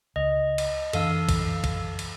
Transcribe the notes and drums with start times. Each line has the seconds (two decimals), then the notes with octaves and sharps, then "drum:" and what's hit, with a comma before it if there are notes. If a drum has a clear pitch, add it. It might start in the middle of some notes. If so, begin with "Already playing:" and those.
0.16 C#2 D#5
0.58 drum: cymbal
0.93 F#2 E3 D4 A4 F5 E6, drum: cymbal
1.29 drum: kick, cymbal
1.64 drum: kick, cymbal
1.99 drum: cymbal